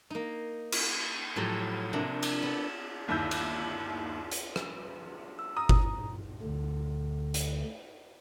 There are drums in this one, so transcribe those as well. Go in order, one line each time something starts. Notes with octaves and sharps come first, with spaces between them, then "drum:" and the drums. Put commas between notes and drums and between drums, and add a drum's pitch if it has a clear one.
A#3 D#4
drum: cymbal
A2 F3 F#3 F4 G4 A4
C3 A#3 D4
drum: cymbal
B3 A4
G1 D#2 D#3 E4 E6 G6
drum: cymbal
drum: hi-hat
drum: rim click
E6
A#5 D#6
drum: kick G1
D2 D3
drum: hi-hat